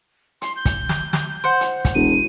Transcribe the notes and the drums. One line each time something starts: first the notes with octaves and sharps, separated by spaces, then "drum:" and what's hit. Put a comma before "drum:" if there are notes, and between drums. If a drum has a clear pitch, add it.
C6, drum: hi-hat
G6
drum: kick, hi-hat
drum: snare
drum: snare
C5 F#5
drum: hi-hat
drum: kick, hi-hat
E1 D#7